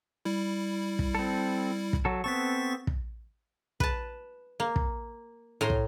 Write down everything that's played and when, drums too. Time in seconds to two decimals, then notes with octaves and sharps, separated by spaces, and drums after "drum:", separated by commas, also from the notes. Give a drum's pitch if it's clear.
0.25 G3 E4
0.99 drum: kick
1.15 C4 A4
1.93 drum: kick
2.05 F#3 A4
2.24 B3 C4 A4 C#6 A6 B6
2.87 drum: kick
3.80 B4 A5, drum: kick
4.60 A#3
4.76 drum: kick
5.61 A2 A#5 C6
5.70 drum: kick